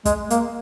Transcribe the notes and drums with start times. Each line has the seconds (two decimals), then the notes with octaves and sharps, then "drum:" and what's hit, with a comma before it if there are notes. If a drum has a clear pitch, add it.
0.05 G#3, drum: kick, hi-hat
0.30 A#3, drum: hi-hat